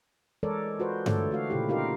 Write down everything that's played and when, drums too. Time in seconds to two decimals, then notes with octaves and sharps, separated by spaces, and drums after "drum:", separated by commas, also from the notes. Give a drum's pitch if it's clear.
0.43 E3 G#3 A4 A#4 C#5 D5
0.79 F4 F#4 B4 C5
1.06 D3 E3 A3 A4 C#5 D5, drum: tom G2
1.31 A3 F#4 F5
1.50 A#2 C#3 E4 G4
1.69 D#4 F4 G4 A#4 F5